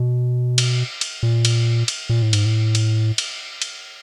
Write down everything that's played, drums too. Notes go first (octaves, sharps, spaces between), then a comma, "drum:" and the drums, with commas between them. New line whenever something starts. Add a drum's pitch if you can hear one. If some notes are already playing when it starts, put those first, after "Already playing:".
Already playing: B2
drum: cymbal
drum: cymbal
A#2
drum: cymbal
drum: cymbal
A#2
A2
G#2, drum: cymbal
A2
drum: cymbal
drum: cymbal
drum: cymbal